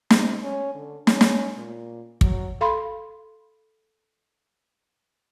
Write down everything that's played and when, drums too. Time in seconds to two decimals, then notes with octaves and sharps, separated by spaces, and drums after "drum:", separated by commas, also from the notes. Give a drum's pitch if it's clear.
0.10 C3, drum: snare
0.42 C#4
0.75 D3
1.07 C#4, drum: snare
1.21 drum: snare
1.57 A#2
2.21 F#3, drum: kick
2.61 A4 F5 B5 C6